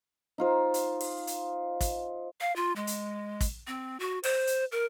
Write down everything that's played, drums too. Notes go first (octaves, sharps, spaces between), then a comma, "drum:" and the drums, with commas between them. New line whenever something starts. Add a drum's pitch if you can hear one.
D#4 F4 C5
drum: hi-hat
drum: open hi-hat
drum: hi-hat
drum: kick, hi-hat
F5
F4
G#3
drum: hi-hat
drum: kick, hi-hat
C4
F#4
C5, drum: open hi-hat
drum: hi-hat
A#4